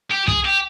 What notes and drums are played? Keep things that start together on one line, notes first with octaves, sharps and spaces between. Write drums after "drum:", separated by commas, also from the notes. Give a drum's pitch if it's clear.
G4
G#4, drum: kick
G4